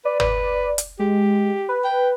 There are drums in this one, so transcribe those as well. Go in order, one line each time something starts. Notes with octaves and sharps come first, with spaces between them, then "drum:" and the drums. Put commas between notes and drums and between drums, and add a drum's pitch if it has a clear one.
B4 D5
B4, drum: tom
drum: hi-hat
G#3 G4
B4
G5